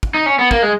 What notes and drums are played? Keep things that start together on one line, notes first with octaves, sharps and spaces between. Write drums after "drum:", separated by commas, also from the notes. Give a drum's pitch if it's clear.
drum: kick
D#4
C#4
B3
A#3, drum: kick
G#3